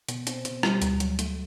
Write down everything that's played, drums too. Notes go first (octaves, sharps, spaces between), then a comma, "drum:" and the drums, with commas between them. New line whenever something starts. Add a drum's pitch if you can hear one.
B2, drum: hi-hat
C4, drum: hi-hat
B2, drum: hi-hat
G3, drum: rim click
D2, drum: hi-hat
F#3, drum: hi-hat
A3, drum: hi-hat